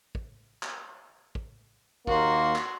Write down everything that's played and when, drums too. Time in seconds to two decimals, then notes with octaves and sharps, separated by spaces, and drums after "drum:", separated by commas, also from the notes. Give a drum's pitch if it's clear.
0.15 drum: kick
0.63 drum: clap
1.35 drum: kick
2.07 D#2 A#3 F#4 C6, drum: kick
2.56 drum: clap